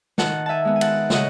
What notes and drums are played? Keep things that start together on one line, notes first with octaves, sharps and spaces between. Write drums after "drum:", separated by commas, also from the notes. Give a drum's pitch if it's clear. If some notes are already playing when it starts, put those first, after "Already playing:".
D#3 F#5 A5, drum: snare
E5 G#5 A5
G#3 B3
G#5
F#5 A5, drum: cymbal
C#3 D#5 F#5, drum: snare